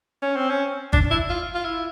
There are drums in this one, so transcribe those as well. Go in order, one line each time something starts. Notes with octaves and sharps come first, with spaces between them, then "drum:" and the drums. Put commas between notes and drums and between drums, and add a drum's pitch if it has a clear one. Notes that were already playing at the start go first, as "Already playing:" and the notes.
C#4
C4
C#4
D4, drum: kick
E4
F4
F4
E4